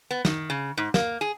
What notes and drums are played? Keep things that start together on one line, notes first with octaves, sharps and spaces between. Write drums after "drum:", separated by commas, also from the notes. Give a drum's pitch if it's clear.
B3
D#3, drum: snare
C#3
G#2
A#3, drum: snare
G#4